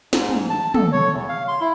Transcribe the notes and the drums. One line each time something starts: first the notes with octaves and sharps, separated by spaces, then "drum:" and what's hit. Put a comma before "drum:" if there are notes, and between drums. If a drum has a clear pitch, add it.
G#2, drum: snare
drum: tom
A5
A4, drum: tom
C#5
E2
F5
C6
E4